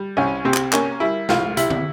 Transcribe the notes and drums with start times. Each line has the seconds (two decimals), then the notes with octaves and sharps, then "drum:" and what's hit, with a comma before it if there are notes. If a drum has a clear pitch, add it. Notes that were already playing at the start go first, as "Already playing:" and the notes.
Already playing: G3
0.17 C2 C#4
0.45 C3 C4
0.54 drum: clap
0.73 A#3 C#4, drum: clap
1.00 G3 E4
1.29 C2 F4, drum: snare
1.57 C3 E4, drum: hi-hat
1.70 drum: tom